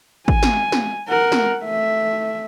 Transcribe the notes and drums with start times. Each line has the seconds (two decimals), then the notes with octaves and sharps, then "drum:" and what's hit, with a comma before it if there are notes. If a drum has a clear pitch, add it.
0.28 G#5, drum: kick G#1
0.43 drum: snare
0.72 drum: snare
1.09 A#4 F#5
1.32 drum: snare
1.62 A3 E5